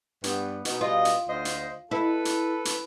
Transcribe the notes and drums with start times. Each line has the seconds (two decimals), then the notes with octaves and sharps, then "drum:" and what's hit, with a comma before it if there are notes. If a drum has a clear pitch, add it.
0.24 G2 B3, drum: hi-hat
0.65 B2 D#4, drum: hi-hat
0.81 B2 G3 F4 D#5
1.05 drum: hi-hat
1.28 D2 C5 D#5
1.45 drum: hi-hat
1.91 E4 A4 B4
2.25 drum: hi-hat
2.65 drum: hi-hat